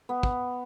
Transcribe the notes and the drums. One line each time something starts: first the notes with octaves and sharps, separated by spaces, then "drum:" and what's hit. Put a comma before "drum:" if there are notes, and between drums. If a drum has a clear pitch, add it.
B3
drum: kick